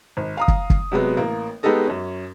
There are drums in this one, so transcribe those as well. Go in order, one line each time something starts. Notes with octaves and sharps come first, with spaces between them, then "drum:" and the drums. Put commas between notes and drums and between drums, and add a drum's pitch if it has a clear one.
G#1
F5 A#5 D#6
drum: kick
drum: kick
C3 F#3 G#3 B3
A1 A#3
G#3 B3 D#4 G4 A4 D#5
F#2 C#4